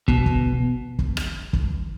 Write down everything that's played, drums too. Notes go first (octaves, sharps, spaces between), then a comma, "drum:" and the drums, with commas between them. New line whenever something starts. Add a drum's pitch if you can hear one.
B2, drum: kick
drum: kick
drum: kick
drum: rim click
drum: kick